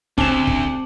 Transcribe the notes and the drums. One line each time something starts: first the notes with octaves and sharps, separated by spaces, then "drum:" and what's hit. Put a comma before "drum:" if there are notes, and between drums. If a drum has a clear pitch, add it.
D2 C4 C#4 A5 D6 E7 F#7, drum: kick
drum: kick